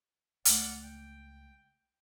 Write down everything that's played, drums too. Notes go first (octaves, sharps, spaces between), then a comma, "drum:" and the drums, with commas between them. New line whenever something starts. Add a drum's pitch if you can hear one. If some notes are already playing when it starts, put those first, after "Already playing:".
C#2 A3 D5 F#5 F6, drum: hi-hat
G5